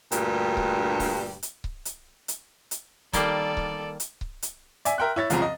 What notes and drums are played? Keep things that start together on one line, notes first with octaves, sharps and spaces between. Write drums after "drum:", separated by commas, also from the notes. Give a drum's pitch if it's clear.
D2 G2 A#2 G3, drum: hi-hat
drum: kick C#1
drum: kick C#1, open hi-hat
drum: hi-hat
drum: kick C#1
drum: hi-hat
drum: hi-hat
drum: hi-hat
D#3 G3 A#3 A4 D5, drum: kick C#1, hi-hat
drum: kick C#1
drum: hi-hat
drum: kick C#1
drum: hi-hat
D5 E5 G#5, drum: hi-hat
A#4 E5 G5 C6 F#6
E4 C#5 A6
C2 F2 C#3 F3 C4 A#5, drum: hi-hat
D#5